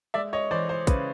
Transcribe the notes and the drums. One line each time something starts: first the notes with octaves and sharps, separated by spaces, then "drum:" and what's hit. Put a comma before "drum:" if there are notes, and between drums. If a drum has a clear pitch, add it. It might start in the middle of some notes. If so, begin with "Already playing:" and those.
G#3 D5 E5
C#5 D#5
E3 C5 D5
C5
C#3 B4, drum: kick, hi-hat